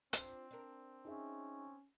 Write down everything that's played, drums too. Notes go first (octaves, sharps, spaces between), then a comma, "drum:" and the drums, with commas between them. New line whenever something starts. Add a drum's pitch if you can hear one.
C4 D4 F4 C5, drum: hi-hat
D4 A#4
C#4 D#4 G#4 E5